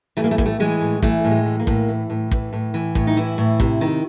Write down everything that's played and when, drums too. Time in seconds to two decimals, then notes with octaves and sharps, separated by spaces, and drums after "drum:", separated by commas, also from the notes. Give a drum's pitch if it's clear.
0.17 E3 A3
0.24 A#3
0.31 A3
0.38 A2 A#3, drum: kick
0.46 A3
0.60 E3 G#3
0.81 A2
1.02 E3 A3, drum: kick
1.25 A2
1.31 G#3
1.46 E3
1.60 A#3
1.67 A2, drum: kick
1.89 E3
2.10 A2
2.31 E3, drum: kick
2.53 A2
2.74 E3
2.95 A2, drum: kick
3.07 D#4
3.17 E3 E4
3.38 A2
3.60 C3, drum: kick
3.81 D#3